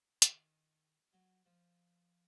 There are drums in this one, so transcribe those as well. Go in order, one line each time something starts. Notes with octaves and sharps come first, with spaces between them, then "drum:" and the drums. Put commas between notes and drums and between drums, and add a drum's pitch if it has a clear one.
D#3, drum: hi-hat
F#3
F3